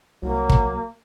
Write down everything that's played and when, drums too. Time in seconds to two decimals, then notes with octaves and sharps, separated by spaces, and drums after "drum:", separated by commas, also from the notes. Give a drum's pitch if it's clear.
0.23 C2 F#3 A#3
0.49 drum: kick